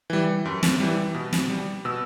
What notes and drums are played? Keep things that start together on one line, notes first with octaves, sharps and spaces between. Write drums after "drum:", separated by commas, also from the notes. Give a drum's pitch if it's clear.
E3 G3
F#2
drum: snare
E3 G3
B2
drum: snare
G3
B2 E6